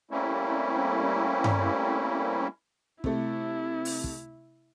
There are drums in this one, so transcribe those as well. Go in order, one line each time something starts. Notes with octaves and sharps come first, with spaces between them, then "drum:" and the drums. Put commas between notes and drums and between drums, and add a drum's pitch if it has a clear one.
G3 A3 A#3 C4 C#4 E4
drum: tom G2
C3 A3 E4, drum: kick
drum: open hi-hat
drum: kick